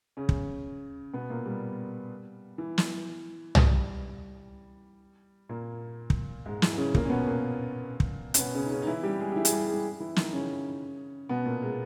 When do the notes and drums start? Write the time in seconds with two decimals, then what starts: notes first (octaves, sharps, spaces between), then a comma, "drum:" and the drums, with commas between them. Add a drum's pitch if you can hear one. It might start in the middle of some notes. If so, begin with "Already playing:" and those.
0.17 C#3 C#4
0.29 drum: kick
1.14 B2 B3
1.30 A#2 A#3
1.46 G3
2.58 E3
2.78 drum: snare
3.55 G3, drum: tom
5.49 A#2 A#3
6.10 drum: kick
6.46 G#2 G#3
6.62 E3, drum: snare
6.77 C#3 C#4
6.95 A#2 A#3, drum: kick
7.05 C#4
7.10 B2 B3
7.27 A#2 A#3
8.00 drum: kick
8.34 C#4, drum: hi-hat
8.39 B2 B3
8.55 C#3 C#4
8.64 D#4
8.71 C#3 C#4
8.82 D#4
8.87 E3 E4
9.03 G3 G4
9.20 G#3 G#4
9.32 G4
9.36 E3 E4
9.45 G#4, drum: hi-hat
9.52 G3 G4
9.68 G#3 G#4
10.00 E3 E4
10.16 D#3 D#4, drum: snare
10.33 C#3 C#4
11.29 B2 B3
11.45 A#2 A#3
11.62 G#3